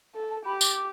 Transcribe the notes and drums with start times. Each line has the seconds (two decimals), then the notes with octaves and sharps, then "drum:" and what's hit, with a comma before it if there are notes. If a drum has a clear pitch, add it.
0.15 A4
0.30 A5
0.45 G4 B5
0.61 D6, drum: tambourine